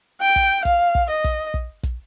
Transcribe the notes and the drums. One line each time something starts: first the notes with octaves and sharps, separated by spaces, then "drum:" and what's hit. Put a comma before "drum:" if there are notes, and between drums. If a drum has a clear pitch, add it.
G5
drum: kick, hi-hat
F5, drum: kick, hi-hat
drum: kick
D#5
drum: kick, hi-hat
drum: kick
drum: kick, hi-hat